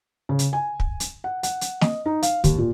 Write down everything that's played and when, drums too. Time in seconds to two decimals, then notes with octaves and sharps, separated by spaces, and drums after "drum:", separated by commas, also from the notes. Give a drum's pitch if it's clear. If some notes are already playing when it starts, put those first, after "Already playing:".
0.29 C#3
0.39 drum: hi-hat
0.53 G#5
0.80 drum: kick
1.00 drum: hi-hat
1.24 F#5
1.43 F#5, drum: hi-hat
1.61 drum: hi-hat
1.81 D#5, drum: snare
2.06 D#4
2.23 F5, drum: hi-hat
2.44 D#2, drum: kick, hi-hat
2.58 A#2